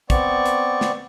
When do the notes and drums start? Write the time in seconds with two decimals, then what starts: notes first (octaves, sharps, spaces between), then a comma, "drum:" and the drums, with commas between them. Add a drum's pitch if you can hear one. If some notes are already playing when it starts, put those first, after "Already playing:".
0.10 B3 C4 D5 C#6, drum: kick, hi-hat
0.46 drum: hi-hat
0.81 drum: snare